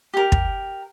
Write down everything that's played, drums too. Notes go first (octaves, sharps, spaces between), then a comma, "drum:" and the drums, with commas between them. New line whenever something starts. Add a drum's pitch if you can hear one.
G4 A#4
drum: kick